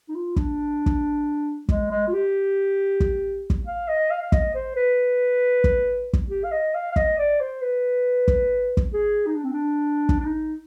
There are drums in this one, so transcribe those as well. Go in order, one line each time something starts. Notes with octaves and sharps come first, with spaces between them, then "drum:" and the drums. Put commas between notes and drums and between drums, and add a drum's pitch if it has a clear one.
D#4
F4
D4, drum: kick
drum: kick
G#3, drum: kick
G#3
F4
G4
drum: kick
drum: kick
F5
D#5
F5
F5
D#5, drum: kick
C5
B4
drum: kick
drum: kick
G4
F5
D#5
F5
F5
D#5, drum: kick
D5
C5
B4
drum: kick
drum: kick
G#4
D#4
D4
C4
D4
drum: kick
D4
D#4